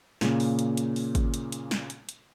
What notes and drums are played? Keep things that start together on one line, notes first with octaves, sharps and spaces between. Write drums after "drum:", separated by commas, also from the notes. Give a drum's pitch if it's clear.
A#2 C#3 A#3, drum: snare
drum: open hi-hat
drum: hi-hat
drum: hi-hat
drum: open hi-hat
drum: kick G#1, hi-hat
drum: hi-hat
drum: hi-hat
drum: snare
drum: hi-hat
drum: hi-hat